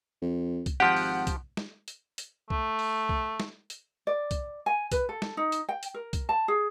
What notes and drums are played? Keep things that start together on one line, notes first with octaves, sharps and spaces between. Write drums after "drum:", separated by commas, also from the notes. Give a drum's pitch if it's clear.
F2
drum: kick, hi-hat
G#1 F3 G4 F#5
drum: open hi-hat
drum: kick, hi-hat
drum: snare
drum: hi-hat
drum: hi-hat
A3, drum: kick
drum: open hi-hat
drum: kick
drum: snare
drum: hi-hat
D5
drum: kick, hi-hat
G#5
B4, drum: kick, hi-hat
A4
drum: snare
D#4
drum: hi-hat
G5
drum: hi-hat
A#4
drum: kick, hi-hat
A5
G#4